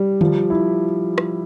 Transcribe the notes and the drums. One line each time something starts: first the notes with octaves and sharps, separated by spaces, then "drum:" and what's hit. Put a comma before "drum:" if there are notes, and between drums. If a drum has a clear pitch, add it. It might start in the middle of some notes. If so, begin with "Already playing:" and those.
Already playing: G3
F3, drum: tom D3
E4
drum: rim click